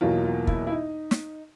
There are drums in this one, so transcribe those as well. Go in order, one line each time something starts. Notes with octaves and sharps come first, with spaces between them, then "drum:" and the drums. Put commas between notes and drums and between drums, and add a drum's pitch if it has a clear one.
E2 B2 F#3 A#3 F4
F4
E4, drum: kick
E4
D#4
drum: snare